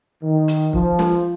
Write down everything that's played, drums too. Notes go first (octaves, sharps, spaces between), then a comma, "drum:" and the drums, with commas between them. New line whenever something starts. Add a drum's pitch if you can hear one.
D#3
drum: hi-hat
F3, drum: kick
drum: snare